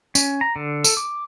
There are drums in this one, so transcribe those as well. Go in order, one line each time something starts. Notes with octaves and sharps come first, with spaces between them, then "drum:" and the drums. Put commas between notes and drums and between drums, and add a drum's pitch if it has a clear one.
C#4, drum: tambourine
A#5
D3
A4, drum: tambourine
D6